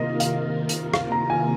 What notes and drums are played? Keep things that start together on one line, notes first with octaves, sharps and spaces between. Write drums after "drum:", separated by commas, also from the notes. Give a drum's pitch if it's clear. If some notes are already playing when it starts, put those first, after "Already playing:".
Already playing: C3 D#3 A#3 F4 A#4 D#5
F5, drum: hi-hat
drum: hi-hat
F5, drum: rim click
A#5
G#5